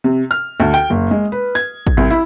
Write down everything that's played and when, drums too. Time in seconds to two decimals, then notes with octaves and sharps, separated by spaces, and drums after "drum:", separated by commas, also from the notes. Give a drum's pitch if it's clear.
0.04 C3
0.31 F6
0.60 D2
0.74 G5
0.90 F#1
1.11 G#3
1.32 B4
1.55 G#6
1.87 drum: kick
1.97 C2
2.11 E4